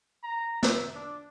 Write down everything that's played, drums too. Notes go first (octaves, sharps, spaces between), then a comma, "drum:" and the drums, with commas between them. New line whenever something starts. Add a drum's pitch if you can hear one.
A#5
E5, drum: snare
D4